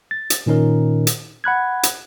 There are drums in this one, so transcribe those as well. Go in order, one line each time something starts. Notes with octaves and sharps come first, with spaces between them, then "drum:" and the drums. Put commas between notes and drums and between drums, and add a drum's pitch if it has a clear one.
A6
drum: hi-hat
A#2 D#3 C#4 D#4 A#4
drum: hi-hat
F#5 B5 F#6 G#6
drum: hi-hat